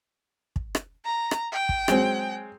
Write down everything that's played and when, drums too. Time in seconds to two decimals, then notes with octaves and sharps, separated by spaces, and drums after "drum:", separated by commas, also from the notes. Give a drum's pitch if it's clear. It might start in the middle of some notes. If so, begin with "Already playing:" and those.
0.56 drum: kick
0.75 drum: rim click
1.05 A#5
1.31 drum: rim click
1.52 G5
1.69 drum: kick
1.88 F#3 G#3 C4, drum: rim click